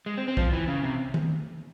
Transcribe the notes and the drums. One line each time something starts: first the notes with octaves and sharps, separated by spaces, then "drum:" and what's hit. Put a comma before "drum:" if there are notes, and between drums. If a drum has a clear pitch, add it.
G#3
C4
C4
F3, drum: kick
E3
C#3
C3
drum: tom D#3